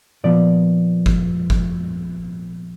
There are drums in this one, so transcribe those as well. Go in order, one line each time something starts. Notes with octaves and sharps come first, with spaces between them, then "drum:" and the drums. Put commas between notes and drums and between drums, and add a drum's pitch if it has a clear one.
A#2 F3 B3 D5
drum: kick F#1
drum: kick F#1